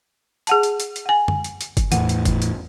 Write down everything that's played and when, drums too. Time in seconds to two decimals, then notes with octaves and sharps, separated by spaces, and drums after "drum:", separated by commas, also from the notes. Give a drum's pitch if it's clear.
0.47 G#4 F#5 A5, drum: hi-hat
0.63 drum: hi-hat
0.80 drum: hi-hat
0.96 drum: hi-hat
1.06 F#5 G#5
1.28 drum: tom F#2
1.44 drum: hi-hat
1.61 drum: hi-hat
1.77 drum: kick F#1, hi-hat
1.92 E2 A2 E3 F#5, drum: hi-hat
2.09 drum: hi-hat
2.25 drum: kick F#1, hi-hat
2.42 drum: hi-hat